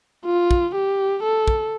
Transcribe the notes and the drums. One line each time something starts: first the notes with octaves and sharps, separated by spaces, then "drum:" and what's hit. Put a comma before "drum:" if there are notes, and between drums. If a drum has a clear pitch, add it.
F4
drum: kick
G4
A4
drum: kick